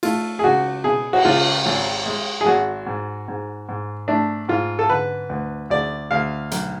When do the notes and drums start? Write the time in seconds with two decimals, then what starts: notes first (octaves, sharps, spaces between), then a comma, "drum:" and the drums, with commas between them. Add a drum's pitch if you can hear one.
0.03 A3 F4, drum: cymbal
0.39 G#4
0.44 C#2 F#4
0.84 B2 G#4
1.13 F#4, drum: cymbal
1.25 C#2 F4
1.66 G#1
2.06 G#3
2.41 G#4
2.46 G#1 F#4
2.86 G#2
3.28 G#2
3.69 G#2
4.08 A3 D4
4.48 G#2 F4
4.79 A4
4.89 D3 B4
5.29 D2
5.70 D2 D5
6.11 D2 F5
6.51 B1, drum: hi-hat